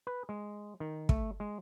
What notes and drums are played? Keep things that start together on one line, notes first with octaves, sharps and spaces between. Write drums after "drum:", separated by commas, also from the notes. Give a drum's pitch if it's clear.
B4
G#3
D#3
A3, drum: kick
G#3